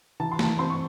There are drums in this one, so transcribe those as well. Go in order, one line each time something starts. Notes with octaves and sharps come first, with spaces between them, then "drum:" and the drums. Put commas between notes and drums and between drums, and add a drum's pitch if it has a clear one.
E3 A5
C6
E3 A5, drum: snare
C4 C6
C#6